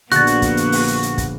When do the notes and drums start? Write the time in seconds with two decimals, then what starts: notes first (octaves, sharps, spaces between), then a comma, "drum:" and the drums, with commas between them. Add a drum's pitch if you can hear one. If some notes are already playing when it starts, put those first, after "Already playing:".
0.12 A#1 D3 A#3 B3 F#4 F#6 A6, drum: hi-hat
0.27 drum: hi-hat
0.42 drum: kick, hi-hat
0.57 drum: hi-hat
0.72 drum: open hi-hat
0.87 drum: hi-hat
1.03 drum: hi-hat
1.18 drum: kick, hi-hat